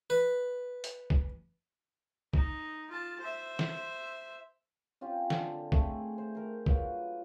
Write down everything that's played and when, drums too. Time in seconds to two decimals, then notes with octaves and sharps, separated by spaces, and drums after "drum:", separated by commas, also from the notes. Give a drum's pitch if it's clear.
0.10 B4
0.84 drum: hi-hat
1.10 drum: kick
2.33 D#4, drum: kick
2.90 F4 A5
3.20 C5 E5
3.59 drum: snare
5.01 C4 C#4 F4 G4
5.30 D3 A5, drum: snare
5.72 A3 C4 G#4, drum: kick
6.18 C5
6.35 A#4 C5
6.66 F#3 F4 B4, drum: kick